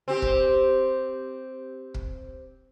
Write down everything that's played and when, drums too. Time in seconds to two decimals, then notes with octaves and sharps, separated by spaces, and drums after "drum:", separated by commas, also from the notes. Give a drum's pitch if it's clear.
0.08 C4 G4
0.22 drum: kick
1.94 drum: kick